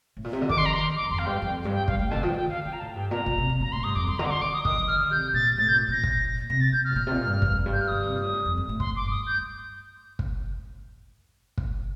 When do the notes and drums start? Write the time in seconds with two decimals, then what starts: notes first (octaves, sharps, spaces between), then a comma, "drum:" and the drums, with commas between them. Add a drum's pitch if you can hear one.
0.17 A2
0.24 A#2
0.33 C3
0.41 D3
0.49 D#3 D6, drum: kick
0.58 C6
0.65 F3 A#5
0.74 C6
0.81 D#3
0.95 D6
1.03 G2
1.11 F2 C6
1.19 F5
1.26 G2 G5
1.42 F2 G5
1.65 G2
1.72 G5
1.88 G2 F5, drum: kick
1.99 A2 G5
2.11 D3 A5
2.23 F3 G5
2.34 D#3 G5
2.49 D3 F5
2.65 D3 G5
2.73 A#5
2.80 A2 A5
2.95 G2 G5
3.11 A#2 A#5
3.26 A#2, drum: kick
3.38 C3
3.49 C3
3.61 A#2 A#5
3.72 A2 C6
3.84 G2 D#6
3.95 F2 D6
4.07 G2 C6
4.19 D3 A#5
4.25 D6
4.31 C6
4.42 D3 D6
4.53 D#6
4.65 D#3 D#6, drum: kick
4.77 F3
4.88 D#3 F6
5.00 D3
5.10 C3 G6
5.34 A#2 A6
5.58 A2 A6
5.67 C3 G6
5.73 A#2
5.88 A#2 A#6
6.03 drum: kick
6.50 C3 A#6
6.61 A6
6.73 C3 G6
6.85 F6
6.91 A2
6.96 A#2
7.07 C3
7.11 A#2
7.26 G2
7.42 F2, drum: kick
7.66 G2
7.73 G6
7.81 F6
7.88 D3 D#6
8.02 C3
8.13 A#2
8.24 A2
8.34 G2
8.46 F2
8.57 G2
8.69 A2
8.80 C6, drum: kick
8.96 D6
9.04 G2
9.11 D#6
9.27 G6
10.19 drum: kick
11.57 drum: kick